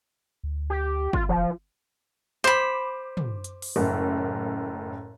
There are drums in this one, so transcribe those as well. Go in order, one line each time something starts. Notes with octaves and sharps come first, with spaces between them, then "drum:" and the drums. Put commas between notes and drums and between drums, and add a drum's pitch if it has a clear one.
D2
G4
F4, drum: kick G1
E1 F3
C5 B5 D6
drum: tom
drum: hi-hat
drum: open hi-hat
F#1 F#2 A2